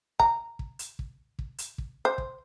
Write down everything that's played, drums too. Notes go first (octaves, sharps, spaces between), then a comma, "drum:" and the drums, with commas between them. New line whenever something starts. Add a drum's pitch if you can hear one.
A#5, drum: kick
drum: kick
drum: hi-hat
drum: kick
drum: kick
drum: hi-hat
drum: kick
C5
drum: kick